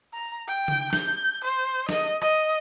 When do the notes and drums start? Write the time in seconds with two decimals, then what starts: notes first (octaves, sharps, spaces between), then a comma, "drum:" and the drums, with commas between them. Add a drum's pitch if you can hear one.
0.14 A#5
0.48 G5
0.68 drum: tom C#3
0.93 G6, drum: snare
1.44 C5
1.89 D#5, drum: snare
2.22 D#5, drum: rim click